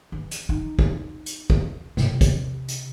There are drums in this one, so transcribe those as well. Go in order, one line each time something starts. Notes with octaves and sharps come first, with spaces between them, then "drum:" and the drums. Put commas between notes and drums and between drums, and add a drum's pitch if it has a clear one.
E3
drum: hi-hat
D#4
drum: kick
drum: hi-hat
drum: kick
C3, drum: snare
drum: kick, hi-hat
drum: hi-hat